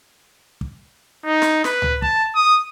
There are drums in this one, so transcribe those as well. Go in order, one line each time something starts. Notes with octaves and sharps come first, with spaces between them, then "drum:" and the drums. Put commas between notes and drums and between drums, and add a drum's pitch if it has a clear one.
drum: kick
D#4
drum: snare
B4, drum: snare
drum: tom C#2
A5, drum: kick
D#6